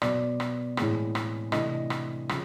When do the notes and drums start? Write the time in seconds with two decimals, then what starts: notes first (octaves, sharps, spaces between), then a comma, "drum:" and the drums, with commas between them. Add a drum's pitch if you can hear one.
0.02 B2 F#3 B3 D5, drum: rim click
0.40 drum: rim click
0.77 A2 E3 G#3 C4, drum: rim click
1.15 drum: rim click
1.52 C3 E3 A3 D4 D#5, drum: rim click
1.90 drum: rim click
2.29 C#3 F3, drum: rim click